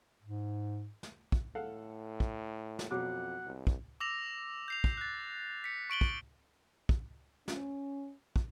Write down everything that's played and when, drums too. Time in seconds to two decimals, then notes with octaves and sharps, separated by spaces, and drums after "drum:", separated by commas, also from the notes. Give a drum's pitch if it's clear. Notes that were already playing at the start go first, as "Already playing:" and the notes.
0.23 G#2
1.03 drum: snare
1.32 drum: kick
1.55 A2 A4 F5 F#5
2.20 drum: kick
2.79 drum: snare
2.91 F2 B2 F#3 F#5 D6
3.45 C2
3.67 drum: kick
4.00 D6 E6 A#6 F7
4.68 G6 C7 F7
4.84 drum: kick
4.97 F#6 A6
5.64 B6 C#7
5.90 C#6 D7 F#7 G7
6.01 drum: kick
6.89 drum: kick
7.48 C#4, drum: snare
8.36 drum: kick